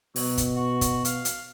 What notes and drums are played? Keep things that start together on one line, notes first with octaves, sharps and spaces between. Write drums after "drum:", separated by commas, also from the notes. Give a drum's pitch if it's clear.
B2 F#3, drum: open hi-hat
drum: kick, hi-hat
F#4
drum: kick, hi-hat
F5, drum: hi-hat
drum: hi-hat